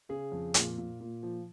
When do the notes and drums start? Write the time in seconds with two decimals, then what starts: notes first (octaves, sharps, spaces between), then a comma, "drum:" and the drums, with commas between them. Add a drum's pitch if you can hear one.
0.09 C#3 G#4
0.32 F2
0.54 A#2, drum: hi-hat
0.78 A#2
1.00 A#2
1.23 F3